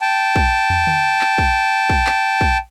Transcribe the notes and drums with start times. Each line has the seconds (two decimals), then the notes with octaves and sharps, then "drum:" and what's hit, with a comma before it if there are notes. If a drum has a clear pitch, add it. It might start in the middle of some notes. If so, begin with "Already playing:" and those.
0.01 G5 A5
0.36 drum: kick
0.70 drum: tom
0.87 drum: tom D3
1.21 drum: clap
1.38 drum: kick
1.90 drum: kick
2.07 drum: clap
2.41 drum: kick